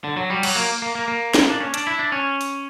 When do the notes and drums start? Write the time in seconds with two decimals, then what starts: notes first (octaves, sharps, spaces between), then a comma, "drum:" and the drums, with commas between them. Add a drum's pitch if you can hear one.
0.04 D3
0.17 F#3
0.30 G3
0.43 F#3, drum: cymbal
0.56 A#3
0.82 A#3
0.95 A#3
1.08 A#3
1.34 drum: snare
1.50 D4
1.61 C#4
1.74 D4, drum: hi-hat
1.87 E4
1.99 D4
2.12 C#4
2.41 drum: open hi-hat